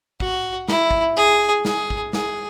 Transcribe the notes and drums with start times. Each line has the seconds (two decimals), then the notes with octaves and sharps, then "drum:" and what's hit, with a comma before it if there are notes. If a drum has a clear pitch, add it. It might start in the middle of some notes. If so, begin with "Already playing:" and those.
0.20 F#4, drum: kick
0.68 E4, drum: snare
0.91 drum: kick
1.16 G#4
1.65 G#4, drum: snare
1.90 drum: kick
2.13 G#4, drum: snare